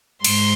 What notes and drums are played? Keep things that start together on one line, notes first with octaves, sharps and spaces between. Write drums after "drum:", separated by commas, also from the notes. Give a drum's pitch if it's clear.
G#2 C6, drum: cymbal